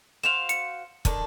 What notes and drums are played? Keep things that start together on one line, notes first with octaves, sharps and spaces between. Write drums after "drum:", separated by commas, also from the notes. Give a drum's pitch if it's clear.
F#4 C5 F5 E7 F7
C#7, drum: hi-hat
D3 D#3 D4, drum: kick, hi-hat